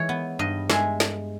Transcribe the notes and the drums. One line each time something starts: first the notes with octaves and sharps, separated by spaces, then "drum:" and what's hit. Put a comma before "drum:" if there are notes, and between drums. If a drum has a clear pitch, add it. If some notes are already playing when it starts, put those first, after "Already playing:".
Already playing: E3 G#3 C#5
B3
G2 D#5
G#3 E5, drum: snare
drum: snare